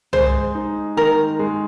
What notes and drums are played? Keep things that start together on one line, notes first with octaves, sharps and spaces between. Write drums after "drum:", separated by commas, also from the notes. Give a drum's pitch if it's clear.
G#3 C5, drum: tom
D#4
D#3 A#4
G#3